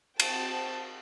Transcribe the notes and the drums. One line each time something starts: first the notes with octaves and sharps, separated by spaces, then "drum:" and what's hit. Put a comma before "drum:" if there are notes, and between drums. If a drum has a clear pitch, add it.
C4 F#4 G5 A5, drum: cymbal